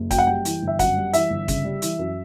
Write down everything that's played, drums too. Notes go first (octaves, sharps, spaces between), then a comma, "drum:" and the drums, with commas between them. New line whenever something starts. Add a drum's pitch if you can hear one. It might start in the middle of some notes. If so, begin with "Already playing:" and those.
Already playing: F#1
F#2 G5, drum: kick, hi-hat
F#5
G3 G5
E3, drum: hi-hat
G1
E5
F#2 F#5, drum: kick, hi-hat
G3
E3 E5, drum: hi-hat
G1
C#3, drum: kick, hi-hat
G3
E3, drum: hi-hat
F#2